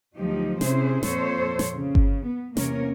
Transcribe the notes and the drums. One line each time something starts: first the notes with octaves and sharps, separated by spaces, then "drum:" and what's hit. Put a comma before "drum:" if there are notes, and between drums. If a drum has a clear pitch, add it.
D2 F3 F#3 D#4 G4
C3 C#4 E4 G#4 C5, drum: snare
F2 A#2 A4 C5 C#5, drum: snare
drum: snare
C#3
drum: kick G1
B3
E2 C3 A#3 C#4 A#4 C#5, drum: snare